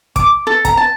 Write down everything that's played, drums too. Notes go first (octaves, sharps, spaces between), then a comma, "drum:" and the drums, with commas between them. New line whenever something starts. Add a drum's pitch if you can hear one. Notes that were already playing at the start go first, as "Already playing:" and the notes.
D6, drum: kick, hi-hat
A4
A#5, drum: kick, hi-hat
A5